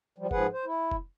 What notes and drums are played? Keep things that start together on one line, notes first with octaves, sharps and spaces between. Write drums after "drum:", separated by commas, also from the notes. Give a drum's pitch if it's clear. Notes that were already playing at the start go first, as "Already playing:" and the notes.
F3 G3
G#2 F3 G#4 B4 F#5, drum: kick F1
C5
E4
drum: kick F1